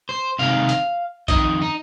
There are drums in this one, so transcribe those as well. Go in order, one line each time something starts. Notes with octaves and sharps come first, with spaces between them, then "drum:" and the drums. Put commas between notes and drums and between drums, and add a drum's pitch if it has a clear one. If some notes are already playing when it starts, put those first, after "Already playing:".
C5
C3 D#3 G#3 C4 D#4 F5
drum: hi-hat
F2 D#3 C4 D#4 D#5, drum: kick A#1, hi-hat
D#4